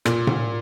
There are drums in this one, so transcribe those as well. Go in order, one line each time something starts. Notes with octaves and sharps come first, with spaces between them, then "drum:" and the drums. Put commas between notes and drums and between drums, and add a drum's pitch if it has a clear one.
A#2, drum: rim click
drum: tom A2